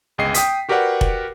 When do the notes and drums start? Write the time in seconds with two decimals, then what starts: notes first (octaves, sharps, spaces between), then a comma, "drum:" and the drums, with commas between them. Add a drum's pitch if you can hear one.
0.18 G1 C#2 G#4 D#5 C7
0.34 G5 D#6 B6, drum: hi-hat
0.69 F#4 G4 A#4 B4 D5 F#5
1.01 drum: kick F1